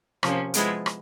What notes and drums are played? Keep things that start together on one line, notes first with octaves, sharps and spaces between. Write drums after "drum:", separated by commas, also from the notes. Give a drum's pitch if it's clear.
C3 F3 A#3 C#4, drum: rim click
F3 G#3 B3 E4, drum: hi-hat
drum: rim click